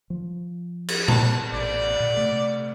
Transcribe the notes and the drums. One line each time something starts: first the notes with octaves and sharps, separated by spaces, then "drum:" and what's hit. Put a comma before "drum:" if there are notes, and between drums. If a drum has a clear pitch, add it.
F3
drum: cymbal
A5, drum: tom A#2
A1 D5
A#2
C3 A3